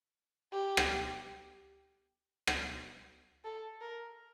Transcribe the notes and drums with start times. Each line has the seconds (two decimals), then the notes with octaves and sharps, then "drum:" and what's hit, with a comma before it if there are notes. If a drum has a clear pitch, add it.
0.52 G4
0.77 drum: rim click
2.47 drum: rim click
3.45 A4
3.81 A#4